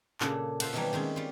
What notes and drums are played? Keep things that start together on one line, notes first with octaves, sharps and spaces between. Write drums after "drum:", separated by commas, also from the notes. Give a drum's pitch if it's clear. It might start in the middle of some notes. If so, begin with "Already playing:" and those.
A#2 C#3 D4 A4, drum: clap
F4 A4 C5 E5 F#5, drum: cymbal
B2 D#3 E3 F#3 G3 A#3
D#3 G#3 C4 C#4
G3 F4